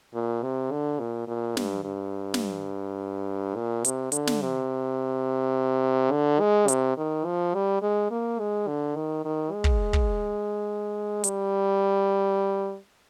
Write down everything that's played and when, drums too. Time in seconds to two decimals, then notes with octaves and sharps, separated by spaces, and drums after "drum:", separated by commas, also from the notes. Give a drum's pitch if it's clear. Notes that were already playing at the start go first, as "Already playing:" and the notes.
0.14 A#2
0.43 C3
0.71 D3
1.00 A#2
1.28 A#2
1.57 G2, drum: snare
1.84 G2
2.34 drum: snare
3.56 A#2
3.85 C3, drum: hi-hat
4.12 D3, drum: hi-hat
4.27 drum: snare
4.41 C3
6.11 D3
6.40 G#3
6.68 C3, drum: hi-hat
6.97 D#3
7.25 F3
7.54 G3
7.82 G#3
8.11 A#3
8.39 G#3
8.67 D3
8.96 D#3
9.25 D#3
9.52 G#3
9.64 drum: kick
9.93 drum: kick
11.24 G3, drum: hi-hat